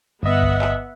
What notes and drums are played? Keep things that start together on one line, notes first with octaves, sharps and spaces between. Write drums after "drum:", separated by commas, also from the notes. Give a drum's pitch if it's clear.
G1 B3 D#5 E5 F#5
drum: kick B1
drum: clap